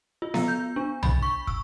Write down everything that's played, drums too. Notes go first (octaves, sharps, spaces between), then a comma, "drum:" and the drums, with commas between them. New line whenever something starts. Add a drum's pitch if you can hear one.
F4
B3, drum: snare B3
G6
D4
B5, drum: tom B1
C#6
E6, drum: kick